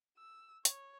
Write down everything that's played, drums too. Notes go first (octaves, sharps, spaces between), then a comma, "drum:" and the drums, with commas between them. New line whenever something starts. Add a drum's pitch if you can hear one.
E6
C#5, drum: hi-hat